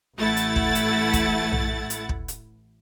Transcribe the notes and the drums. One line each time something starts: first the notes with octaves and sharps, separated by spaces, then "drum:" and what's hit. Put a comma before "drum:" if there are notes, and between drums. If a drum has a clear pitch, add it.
A1 A3 E4 F#5 A6
drum: hi-hat
drum: kick
drum: hi-hat
drum: kick, hi-hat
drum: tom A#1
drum: hi-hat
drum: kick
drum: hi-hat